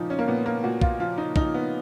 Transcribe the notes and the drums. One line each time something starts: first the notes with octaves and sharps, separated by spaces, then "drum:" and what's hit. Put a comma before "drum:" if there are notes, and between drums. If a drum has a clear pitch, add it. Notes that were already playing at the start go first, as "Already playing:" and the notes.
Already playing: A#2 F3 D#4 F4
C#4
A#3
A#2 B3
A#3
A#2 F#4
F4, drum: kick
F3 F4
D#4
F3 D#4, drum: kick
B3